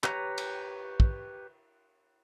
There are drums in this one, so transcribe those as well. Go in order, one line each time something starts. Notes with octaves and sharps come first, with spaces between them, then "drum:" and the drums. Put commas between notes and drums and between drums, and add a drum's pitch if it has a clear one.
G4 B4 C#5 A#5, drum: clap
drum: cymbal
drum: kick